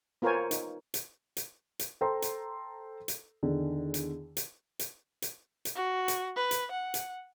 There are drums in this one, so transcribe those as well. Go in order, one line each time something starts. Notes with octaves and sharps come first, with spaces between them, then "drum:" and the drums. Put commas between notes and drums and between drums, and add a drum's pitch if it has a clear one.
B3 F4 A#4 C5 C#5 G#5
D#4, drum: hi-hat
drum: hi-hat
drum: hi-hat
drum: hi-hat
A4 C5 G5 A#5 C6
drum: hi-hat
drum: hi-hat
E2 D3 D#3
drum: hi-hat
drum: hi-hat
drum: hi-hat
drum: hi-hat
drum: hi-hat
F#4
drum: hi-hat
B4
drum: hi-hat
F#5
drum: hi-hat